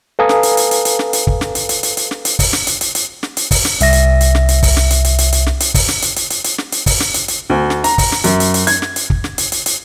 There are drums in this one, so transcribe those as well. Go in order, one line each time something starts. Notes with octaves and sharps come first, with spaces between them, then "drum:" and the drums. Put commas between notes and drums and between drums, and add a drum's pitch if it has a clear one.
A4 B4 F5 G#5 A#5 D#6
drum: snare
drum: hi-hat
drum: hi-hat
drum: hi-hat
drum: hi-hat
drum: snare
drum: hi-hat
drum: kick
drum: snare
drum: hi-hat
drum: hi-hat
drum: hi-hat
drum: hi-hat
drum: snare
drum: hi-hat
drum: kick, open hi-hat
drum: snare
drum: hi-hat
drum: hi-hat
drum: hi-hat
drum: snare
drum: hi-hat
drum: kick, open hi-hat
drum: snare
C2 E5 A#6, drum: hi-hat
drum: hi-hat
drum: hi-hat
drum: snare
drum: hi-hat
drum: kick, open hi-hat
drum: snare
drum: hi-hat
drum: hi-hat
drum: hi-hat
drum: hi-hat
drum: snare
drum: hi-hat
drum: kick, open hi-hat
drum: snare
drum: hi-hat
drum: hi-hat
drum: hi-hat
drum: hi-hat
drum: snare
drum: hi-hat
drum: kick, open hi-hat
drum: snare
drum: hi-hat
drum: hi-hat
D2
drum: snare
A#5, drum: hi-hat
drum: kick, open hi-hat
drum: snare
F#2, drum: hi-hat
drum: hi-hat
drum: hi-hat
G#6, drum: hi-hat
drum: snare
drum: hi-hat
drum: kick
drum: snare
drum: hi-hat
drum: hi-hat
drum: hi-hat